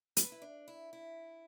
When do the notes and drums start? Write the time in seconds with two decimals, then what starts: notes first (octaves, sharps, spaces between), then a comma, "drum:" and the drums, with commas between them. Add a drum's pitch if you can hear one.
0.17 B4, drum: hi-hat
0.32 E4
0.42 D4
0.68 E4
0.93 E4